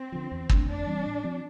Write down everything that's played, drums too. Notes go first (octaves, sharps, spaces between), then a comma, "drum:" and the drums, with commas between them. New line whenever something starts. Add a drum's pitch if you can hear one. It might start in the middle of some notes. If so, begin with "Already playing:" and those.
Already playing: C4
D3 F3
E2
D3 A3 D4, drum: kick
F2 D4
E3 G3 C4
A2
F3 C4